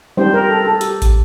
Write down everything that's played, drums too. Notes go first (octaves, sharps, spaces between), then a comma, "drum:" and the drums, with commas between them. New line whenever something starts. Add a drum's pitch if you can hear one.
G3 C4 D#4 G4 C5
A#4
A4
A4
G4, drum: hi-hat
drum: kick, hi-hat